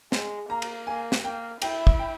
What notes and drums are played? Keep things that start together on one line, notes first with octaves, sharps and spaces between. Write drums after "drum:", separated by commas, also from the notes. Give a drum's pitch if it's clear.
G#3, drum: snare
A#3 A#5
drum: cymbal
A#3 G#5
drum: snare
A#3 G5
E4 G5, drum: cymbal
drum: kick
G5